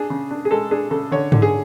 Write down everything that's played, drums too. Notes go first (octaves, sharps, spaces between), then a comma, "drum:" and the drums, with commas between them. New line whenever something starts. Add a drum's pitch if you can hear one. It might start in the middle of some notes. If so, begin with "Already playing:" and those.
Already playing: D4 G#4
C#3
D4
G#4
G#3 A4
D4 G#4
C#3 A4
D3 C#5
D3, drum: tom G#2
G#4